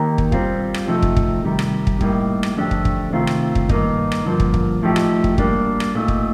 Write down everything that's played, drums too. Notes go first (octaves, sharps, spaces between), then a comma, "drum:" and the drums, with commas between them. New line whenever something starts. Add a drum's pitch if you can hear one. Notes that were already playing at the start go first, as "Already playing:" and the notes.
Already playing: D#3 A#3 D#4 G4 A#4
drum: kick
G3 C4 F4, drum: kick
drum: rim click
C3 F3 A3 D#4
drum: kick
drum: kick
C3 D#3 G3
drum: rim click
drum: kick
A2 G3 A#3 D#4, drum: kick
drum: rim click
F2 D3 A3 D4 G4
drum: kick
drum: kick
C3 D#3 A3 C4 F4
drum: rim click
drum: kick
G2 D#3 A#3 D#4, drum: kick
drum: rim click
G2 D3 F3 A#3
drum: kick
drum: kick
A2 F3 A3 D#4 G4
drum: rim click
drum: kick
G3 A#3 D4, drum: kick
drum: rim click
A#2 A3 D#4
drum: kick